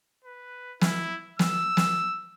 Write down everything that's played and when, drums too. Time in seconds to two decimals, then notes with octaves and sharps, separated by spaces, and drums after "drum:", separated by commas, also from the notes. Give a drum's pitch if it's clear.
0.24 B4
0.81 E4, drum: snare
1.39 E6, drum: snare
1.77 drum: snare